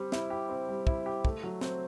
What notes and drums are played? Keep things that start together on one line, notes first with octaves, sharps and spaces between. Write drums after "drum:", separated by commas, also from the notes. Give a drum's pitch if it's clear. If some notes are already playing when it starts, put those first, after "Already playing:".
Already playing: G3 C4
E4, drum: snare
G4
C4
G3
E4, drum: kick
G4
A3, drum: kick
F#3
C4, drum: snare